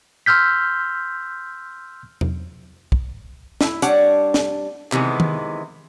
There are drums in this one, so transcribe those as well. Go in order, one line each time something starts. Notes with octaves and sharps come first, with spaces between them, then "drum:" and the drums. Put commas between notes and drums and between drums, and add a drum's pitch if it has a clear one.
C6 E6 F6 G6 B6
drum: tom E2
drum: kick
E4, drum: snare
G3 D4 C#5 F#5, drum: hi-hat
drum: snare
C3 D#3 E3 G#3 B3, drum: clap
drum: tom D#3